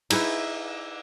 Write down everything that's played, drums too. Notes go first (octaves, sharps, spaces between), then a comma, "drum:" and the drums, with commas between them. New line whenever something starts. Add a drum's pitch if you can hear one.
D#4 E4 G#4 B4, drum: cymbal